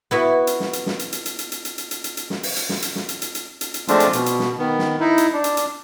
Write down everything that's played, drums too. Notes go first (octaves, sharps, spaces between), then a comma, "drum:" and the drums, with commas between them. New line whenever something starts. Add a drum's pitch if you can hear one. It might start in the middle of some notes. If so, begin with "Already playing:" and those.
B3 E4 F#4
drum: hi-hat
drum: snare
drum: hi-hat
drum: snare
drum: hi-hat
drum: hi-hat
drum: hi-hat
drum: hi-hat
drum: hi-hat
drum: hi-hat
drum: hi-hat
drum: hi-hat
drum: hi-hat
drum: hi-hat
drum: snare
drum: open hi-hat
drum: hi-hat
drum: snare
drum: hi-hat
drum: snare
drum: hi-hat
drum: hi-hat
drum: hi-hat
drum: hi-hat
drum: hi-hat
F3 G#3 A3 C4 D4 F4, drum: hi-hat
drum: hi-hat
B2, drum: hi-hat
drum: hi-hat
drum: snare
D#3 B3
drum: snare
D#4 E4
drum: hi-hat
D4
drum: hi-hat
drum: hi-hat